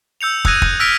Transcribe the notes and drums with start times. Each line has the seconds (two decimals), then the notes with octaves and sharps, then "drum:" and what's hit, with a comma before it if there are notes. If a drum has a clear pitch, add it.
0.21 E6 G6 C#7 F7
0.45 D#6 E6 F#6 G#6 A#6 D#7, drum: kick
0.62 drum: kick
0.80 E6 F6 A#6 B6 D7 F7